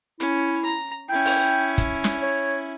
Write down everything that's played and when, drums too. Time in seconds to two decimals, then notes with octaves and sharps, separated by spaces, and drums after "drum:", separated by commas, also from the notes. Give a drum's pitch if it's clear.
0.20 C#4 E4, drum: hi-hat
0.65 A#5
1.09 C#4 E4 G5
1.25 drum: open hi-hat
1.78 drum: kick, hi-hat
2.04 drum: snare
2.22 C#5